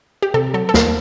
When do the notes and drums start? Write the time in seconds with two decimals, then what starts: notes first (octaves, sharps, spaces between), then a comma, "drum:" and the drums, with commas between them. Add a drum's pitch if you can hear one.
0.22 G4
0.34 C3 A4
0.54 F#3 A4
0.69 A4
0.74 D#2 A#4, drum: snare